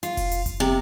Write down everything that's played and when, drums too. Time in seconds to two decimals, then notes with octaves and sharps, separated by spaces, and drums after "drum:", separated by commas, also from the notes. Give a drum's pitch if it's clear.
0.03 F4, drum: hi-hat
0.17 drum: kick F1, open hi-hat
0.31 drum: hi-hat
0.46 drum: kick F1, hi-hat
0.60 C3